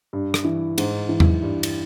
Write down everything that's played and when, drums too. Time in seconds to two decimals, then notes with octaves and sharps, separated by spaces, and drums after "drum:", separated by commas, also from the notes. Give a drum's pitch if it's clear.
0.13 G2
0.34 drum: rim click
0.45 E3
0.78 G#2, drum: cymbal
1.09 E3
1.20 drum: tom E2
1.42 G2
1.63 drum: cymbal